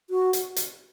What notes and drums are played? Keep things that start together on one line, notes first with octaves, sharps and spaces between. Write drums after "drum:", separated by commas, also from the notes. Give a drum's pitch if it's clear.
F#4
drum: hi-hat
drum: hi-hat